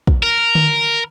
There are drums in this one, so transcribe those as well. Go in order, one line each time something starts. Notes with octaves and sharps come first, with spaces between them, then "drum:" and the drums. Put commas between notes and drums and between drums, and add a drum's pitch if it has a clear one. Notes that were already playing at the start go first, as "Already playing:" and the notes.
drum: kick
A#4
drum: tom D3